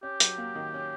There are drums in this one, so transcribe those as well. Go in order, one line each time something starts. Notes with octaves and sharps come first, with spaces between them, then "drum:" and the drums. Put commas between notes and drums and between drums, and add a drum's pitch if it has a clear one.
C#4 G4
F#3, drum: hi-hat
A#3
D#3
C#4